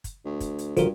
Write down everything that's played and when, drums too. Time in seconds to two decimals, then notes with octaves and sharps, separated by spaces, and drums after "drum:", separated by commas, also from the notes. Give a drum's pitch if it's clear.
0.04 drum: kick, hi-hat
0.25 D2
0.40 drum: kick, hi-hat
0.59 drum: hi-hat
0.77 G2 D3 F3 F4 F#4 A#4, drum: kick, hi-hat